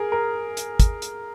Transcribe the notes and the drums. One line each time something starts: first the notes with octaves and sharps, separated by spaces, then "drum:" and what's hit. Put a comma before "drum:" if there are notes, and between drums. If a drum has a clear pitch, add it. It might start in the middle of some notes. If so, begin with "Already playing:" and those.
Already playing: G#4 A#4
A#4
drum: hi-hat
drum: kick, hi-hat
drum: hi-hat